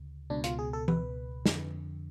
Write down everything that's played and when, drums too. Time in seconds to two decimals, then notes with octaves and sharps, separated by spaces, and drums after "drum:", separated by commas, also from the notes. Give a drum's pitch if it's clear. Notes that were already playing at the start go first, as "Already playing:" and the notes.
Already playing: D2 C#3
0.30 C#2 B2 D4
0.44 F4, drum: hi-hat
0.59 G#4
0.73 A4
0.88 B4, drum: tom E3
1.46 F2 D3, drum: snare